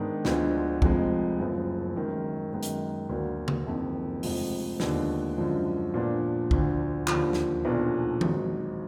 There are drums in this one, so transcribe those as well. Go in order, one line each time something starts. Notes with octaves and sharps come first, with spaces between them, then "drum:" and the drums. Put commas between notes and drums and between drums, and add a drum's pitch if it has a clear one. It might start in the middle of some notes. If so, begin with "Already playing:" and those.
Already playing: G#2 D#3 G#3 B3 D4
D2 D3 F3 G#3 B3, drum: snare
F1 F2 F3 G#3, drum: kick
F#1 F#2 F3 B3
F#2 D#3 G#3
F#2 D#3 G#3 B3
drum: hi-hat
D2 D3 F#3 A#3
drum: tom C#3
F#1 F2 D#3
F1 F2 F3 G#3, drum: open hi-hat
D#2 D3 F3 G#3 B3, drum: snare
F#2 D3 F3 G#3
A#2 F3 B3 D4
D2 D3 F3, drum: kick
D#2 D3 F3, drum: clap
drum: snare
B1 A#2 F3 B3 D4
G#1 G#2 F#3, drum: tom E3